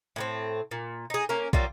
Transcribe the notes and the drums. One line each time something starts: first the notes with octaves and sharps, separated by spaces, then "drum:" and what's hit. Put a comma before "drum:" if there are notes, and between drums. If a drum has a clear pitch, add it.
A2 A#3 C4
A#2
D#4 G#4
A#3 C#4 A#4
F#3 G3 A#3 F4, drum: kick